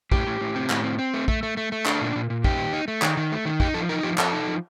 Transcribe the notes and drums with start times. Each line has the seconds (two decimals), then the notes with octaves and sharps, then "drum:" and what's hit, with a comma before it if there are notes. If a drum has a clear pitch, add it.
0.12 A2 G4, drum: kick
0.27 A2
0.41 A2
0.56 C4
0.70 A2, drum: clap
0.84 C4
0.99 C4
1.14 A3
1.28 A3, drum: kick
1.43 A3
1.57 A3
1.72 A3
1.86 D4, drum: clap
2.01 A#2
2.15 A#2
2.30 A#2
2.44 D#4 G4, drum: kick
2.58 D#3
2.73 D#4
2.88 A3
3.02 D#3, drum: clap
3.17 D#3
3.32 A3
3.45 D#3
3.60 D#4 G4, drum: kick
3.74 F3 A4
3.89 D#4 A#4
4.03 F3 G4
4.18 F3 A4, drum: clap
4.33 D#4
4.48 F3